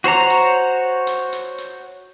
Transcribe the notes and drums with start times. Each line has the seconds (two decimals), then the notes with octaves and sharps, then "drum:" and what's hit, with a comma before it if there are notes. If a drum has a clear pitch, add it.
0.04 F#4 C5 C#5 A#5, drum: hi-hat
0.30 drum: hi-hat
1.07 drum: hi-hat
1.33 drum: hi-hat
1.58 drum: hi-hat